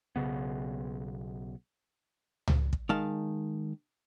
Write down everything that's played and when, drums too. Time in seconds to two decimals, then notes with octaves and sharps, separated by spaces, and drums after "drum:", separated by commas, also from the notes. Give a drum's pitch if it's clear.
0.16 B1 C#3 B3
2.48 drum: tom C#2
2.73 drum: kick
2.89 D#3 G#3 F5 A5